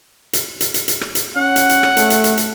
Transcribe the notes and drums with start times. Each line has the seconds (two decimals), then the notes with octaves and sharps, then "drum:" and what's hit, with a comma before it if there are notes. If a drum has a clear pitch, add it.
0.33 drum: hi-hat
0.61 drum: hi-hat
0.74 drum: hi-hat
0.88 drum: hi-hat
1.01 drum: rim click
1.15 drum: hi-hat
1.36 C#4 F#5
1.56 drum: hi-hat
1.69 drum: hi-hat
1.83 drum: rim click
1.97 A3, drum: hi-hat
2.10 drum: hi-hat
2.24 drum: hi-hat
2.37 drum: hi-hat